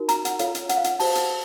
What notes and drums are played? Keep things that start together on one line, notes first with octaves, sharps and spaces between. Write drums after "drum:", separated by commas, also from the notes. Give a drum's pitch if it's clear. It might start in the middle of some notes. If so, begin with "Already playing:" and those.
Already playing: D#4 F#4 A#4
A#5, drum: hi-hat
F#5, drum: hi-hat
F4 A4 C#5 F5, drum: hi-hat
drum: hi-hat
F#5, drum: hi-hat
F5
F#5, drum: hi-hat
F#4 C5 A5, drum: open hi-hat
drum: hi-hat